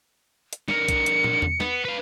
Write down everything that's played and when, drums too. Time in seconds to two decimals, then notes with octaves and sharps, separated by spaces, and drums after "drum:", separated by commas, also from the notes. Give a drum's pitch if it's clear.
0.53 drum: hi-hat
0.68 D3 A#4 C#7, drum: snare
0.88 drum: kick, hi-hat
1.06 drum: hi-hat
1.24 drum: tom
1.42 drum: tom E2
1.60 B3, drum: snare
1.85 B4 F5